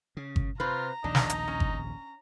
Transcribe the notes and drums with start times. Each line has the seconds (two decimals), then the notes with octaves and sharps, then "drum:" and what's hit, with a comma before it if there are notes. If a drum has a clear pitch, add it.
0.17 C#3
0.36 drum: kick G1
0.60 C3 F4 B4 C5 A#5
1.04 A#1 D#2 B2 D4 D#4
1.15 drum: snare
1.30 drum: hi-hat
1.48 C#4
1.60 drum: kick G1